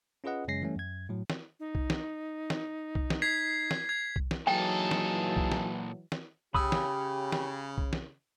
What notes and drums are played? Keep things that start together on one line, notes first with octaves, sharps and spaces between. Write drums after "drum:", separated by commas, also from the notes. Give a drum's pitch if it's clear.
C#4 F4 G#4 B4 D#5 F#5
F#2 C#3 G#3 C#4 A#6 C7
E3 G3 A3 C#4
F#2 G#6
A2 F#3
drum: snare
D#4
drum: kick B1
drum: snare
drum: snare
drum: kick B1
drum: snare
G#6 B6 C7
drum: snare
G#6
drum: kick B1
drum: snare
A#2 E3 F#3 D#4 G#4 A4 G5 A5
drum: snare
drum: kick B1
drum: snare
drum: snare
C#3 G4 B5 D#6 E6, drum: kick B1
drum: snare
drum: snare
drum: kick B1
drum: snare